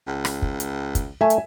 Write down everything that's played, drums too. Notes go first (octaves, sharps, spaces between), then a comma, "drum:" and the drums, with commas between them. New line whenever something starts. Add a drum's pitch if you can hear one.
C#2
drum: rim click
drum: kick
drum: hi-hat
drum: kick, hi-hat
A3 E5 G#5
drum: hi-hat